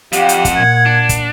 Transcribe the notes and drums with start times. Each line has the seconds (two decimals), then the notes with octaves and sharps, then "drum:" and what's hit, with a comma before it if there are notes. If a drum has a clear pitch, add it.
0.13 F2 G4 F5 F#5, drum: hi-hat
0.29 drum: hi-hat
0.45 drum: kick, hi-hat
0.56 A#2 G#6
0.86 D4
1.09 drum: kick, hi-hat